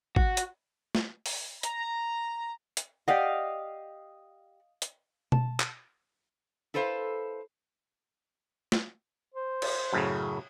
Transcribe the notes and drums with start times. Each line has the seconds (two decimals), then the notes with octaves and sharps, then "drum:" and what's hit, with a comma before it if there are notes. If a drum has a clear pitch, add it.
0.16 F#4, drum: kick
0.37 drum: hi-hat
0.95 drum: snare
1.26 drum: open hi-hat
1.63 A#5, drum: hi-hat
2.77 drum: hi-hat
3.08 G4 D5 D#5 F5 F#5
4.82 drum: hi-hat
5.32 A5, drum: tom B2
5.60 drum: clap
6.74 E4 A4 B4 C5 F5
8.72 drum: snare
9.34 C5
9.62 drum: cymbal
9.93 F#2 A2 C#3